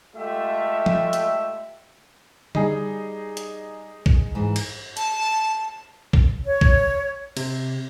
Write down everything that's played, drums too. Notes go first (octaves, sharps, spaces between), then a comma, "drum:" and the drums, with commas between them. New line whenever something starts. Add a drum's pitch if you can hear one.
G#3 A3 F4 G4 A4 E5
drum: tom F3
drum: hi-hat
G3 D#4 G#4, drum: tom D3
drum: hi-hat
drum: kick
G#2 E3
drum: cymbal
A5, drum: hi-hat
drum: kick
C#5
drum: kick
C3, drum: cymbal